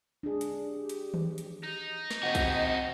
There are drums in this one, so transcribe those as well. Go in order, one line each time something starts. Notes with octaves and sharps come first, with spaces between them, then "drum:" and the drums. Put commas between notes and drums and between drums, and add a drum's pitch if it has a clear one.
D4 G#4
drum: hi-hat
G4
drum: hi-hat
drum: tom D#3
drum: hi-hat
D#4
drum: snare
C4 F#4 D#5
drum: kick A#1, hi-hat